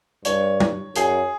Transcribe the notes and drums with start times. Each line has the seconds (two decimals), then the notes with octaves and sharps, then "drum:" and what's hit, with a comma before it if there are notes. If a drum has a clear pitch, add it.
0.25 G2 C#5, drum: hi-hat
0.60 drum: tom F#3
0.96 F#2 G#4, drum: hi-hat